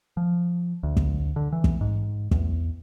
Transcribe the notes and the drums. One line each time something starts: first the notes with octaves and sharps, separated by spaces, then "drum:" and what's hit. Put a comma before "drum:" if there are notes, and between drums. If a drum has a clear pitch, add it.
F3
D2
drum: kick
D3
E3
drum: kick
G#2
E2, drum: kick